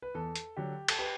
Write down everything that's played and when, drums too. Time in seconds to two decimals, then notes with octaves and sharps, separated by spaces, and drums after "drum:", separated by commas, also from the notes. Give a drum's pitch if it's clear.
0.02 B4
0.15 E2 A4
0.36 drum: hi-hat
0.57 D3 F#3 G4
0.88 A4, drum: cymbal
0.99 G4 B4